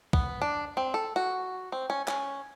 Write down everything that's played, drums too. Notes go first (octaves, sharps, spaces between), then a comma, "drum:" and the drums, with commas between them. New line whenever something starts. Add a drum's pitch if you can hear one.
B3, drum: kick
D4
C4
A4
F#4
C4
C#4
C#4, drum: clap